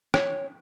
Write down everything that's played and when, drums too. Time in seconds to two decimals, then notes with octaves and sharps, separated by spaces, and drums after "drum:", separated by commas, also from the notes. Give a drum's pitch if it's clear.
0.14 C#5, drum: rim click